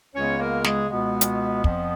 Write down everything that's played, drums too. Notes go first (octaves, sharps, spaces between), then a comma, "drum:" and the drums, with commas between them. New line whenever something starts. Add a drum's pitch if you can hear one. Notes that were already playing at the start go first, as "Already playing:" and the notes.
C#2 C#3 G#3 B3 C#4 C#5
A#3 A#4
G#3 G#4, drum: snare
C#2 B2 G#3 B3
drum: hi-hat
F2 F3 B3, drum: kick